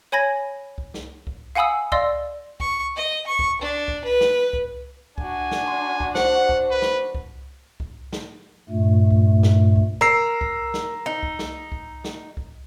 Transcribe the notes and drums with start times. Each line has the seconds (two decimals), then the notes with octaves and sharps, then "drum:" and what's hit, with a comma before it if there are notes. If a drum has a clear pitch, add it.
0.12 C#5 G#5 B5 G#6 A#6
0.78 drum: kick C2
0.94 drum: snare
1.27 drum: kick C2
1.55 F5 F#5 G#5 B5 D#6 E6
1.92 D5 D#5 F5 C6 E6, drum: kick C2
2.60 C#6, drum: kick C2
2.96 D#5
3.27 C#6
3.39 drum: kick C2
3.61 D4
3.88 drum: kick C2
4.05 B4
4.21 drum: snare
4.53 drum: kick C2
5.18 D4 F#4 G#5, drum: kick C2
5.51 drum: snare
5.68 C6
6.00 drum: kick C2
6.15 C5 F#5, drum: snare
6.49 drum: kick C2
6.71 B4
6.82 drum: snare
7.15 drum: kick C2
7.80 drum: kick C2
8.13 drum: snare
8.70 G2 A#2 A3
9.10 drum: kick C2
9.43 drum: snare
9.76 drum: kick C2
10.01 A#4 A#5 E6 C7
10.41 drum: kick C2
10.74 drum: snare
11.06 D#4
11.23 drum: kick C2
11.39 drum: snare
11.72 drum: kick C2
12.04 drum: snare
12.37 drum: kick C2